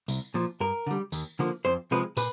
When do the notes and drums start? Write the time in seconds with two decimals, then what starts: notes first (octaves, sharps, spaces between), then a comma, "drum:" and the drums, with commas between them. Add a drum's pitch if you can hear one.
0.08 C2, drum: tambourine
0.34 A#2 F3
0.60 G2 A#4
0.87 D3 G3
1.12 D#2, drum: tambourine
1.39 D3 F3 A#3
1.65 F2 C5
1.91 C3 F3 G#3 B4
2.17 A#2 B4, drum: tambourine